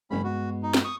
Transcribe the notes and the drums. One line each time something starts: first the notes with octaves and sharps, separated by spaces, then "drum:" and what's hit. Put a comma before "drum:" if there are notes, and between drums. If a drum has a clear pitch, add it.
F#1 G2 G#3 C#4 B5
B2 F#4
D#4
drum: snare
C#6 D#6